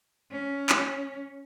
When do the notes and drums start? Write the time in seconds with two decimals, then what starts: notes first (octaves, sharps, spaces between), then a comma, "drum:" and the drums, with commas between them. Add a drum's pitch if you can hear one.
0.32 C#4
0.69 drum: clap